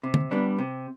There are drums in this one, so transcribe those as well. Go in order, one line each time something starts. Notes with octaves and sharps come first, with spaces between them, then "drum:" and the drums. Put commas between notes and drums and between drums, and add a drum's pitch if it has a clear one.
C3
drum: tom
G3 B3 D4
C3